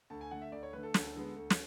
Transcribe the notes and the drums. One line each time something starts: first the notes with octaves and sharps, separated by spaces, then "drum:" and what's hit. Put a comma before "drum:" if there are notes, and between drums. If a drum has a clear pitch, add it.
D2 A5
G#5
D3 A3 F#5
E5
D2 D5
C#5
D3 A3 B4
A4
D2, drum: snare
D3 G#3 B3
D2
drum: snare